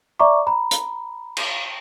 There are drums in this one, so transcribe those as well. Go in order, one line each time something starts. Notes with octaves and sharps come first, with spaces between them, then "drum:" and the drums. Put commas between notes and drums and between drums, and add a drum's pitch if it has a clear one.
D5 E5 A#5 C#6 D6
A#5 B5
drum: hi-hat
drum: cymbal